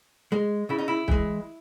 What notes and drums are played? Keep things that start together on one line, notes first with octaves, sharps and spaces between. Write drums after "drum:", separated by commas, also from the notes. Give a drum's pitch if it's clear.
G#3
C#3 E4
D#4
E4
E3 G#3, drum: kick